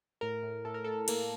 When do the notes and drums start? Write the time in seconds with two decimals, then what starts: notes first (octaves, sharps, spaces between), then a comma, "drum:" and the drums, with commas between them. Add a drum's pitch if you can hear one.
0.21 A2 A#4
0.43 A2
0.65 A2 A4
0.74 A#4
0.84 A2 A4
1.08 A2 A#3, drum: cymbal